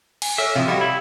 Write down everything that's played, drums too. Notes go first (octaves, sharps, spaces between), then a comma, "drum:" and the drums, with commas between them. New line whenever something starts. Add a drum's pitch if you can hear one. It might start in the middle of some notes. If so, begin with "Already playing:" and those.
G#5, drum: cymbal
A4 C#5 E5 F6
C3 E3 F3 F5 D#6
G3 F#4 G4 D#5 B6
E4